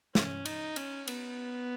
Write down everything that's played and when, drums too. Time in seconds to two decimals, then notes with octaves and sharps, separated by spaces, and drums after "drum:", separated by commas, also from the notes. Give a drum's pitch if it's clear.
0.15 C#4, drum: snare
0.45 D#4, drum: cymbal
0.76 C#4, drum: cymbal
1.07 B3, drum: cymbal